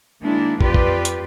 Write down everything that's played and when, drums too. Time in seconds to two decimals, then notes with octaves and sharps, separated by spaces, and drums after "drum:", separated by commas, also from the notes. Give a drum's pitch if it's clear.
0.22 D#3 G#3 A#3 D4 E4
0.61 F2 F4 G4 B4 D5, drum: kick
0.74 drum: kick
1.05 drum: hi-hat